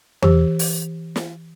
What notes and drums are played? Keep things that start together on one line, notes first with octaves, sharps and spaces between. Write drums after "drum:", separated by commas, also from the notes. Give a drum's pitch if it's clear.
E3 G4, drum: tom E2
drum: open hi-hat
drum: snare